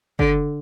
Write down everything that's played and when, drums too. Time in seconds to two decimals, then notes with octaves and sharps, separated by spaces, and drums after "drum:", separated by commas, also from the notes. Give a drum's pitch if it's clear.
0.19 D3, drum: kick F#1